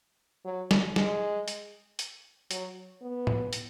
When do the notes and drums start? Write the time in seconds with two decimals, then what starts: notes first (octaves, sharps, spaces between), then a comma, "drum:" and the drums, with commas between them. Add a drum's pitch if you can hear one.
0.45 F#3
0.71 drum: snare
0.96 G#3, drum: snare
1.48 drum: hi-hat
1.99 drum: hi-hat
2.51 F#3, drum: hi-hat
3.02 B3
3.27 drum: tom A2
3.53 drum: hi-hat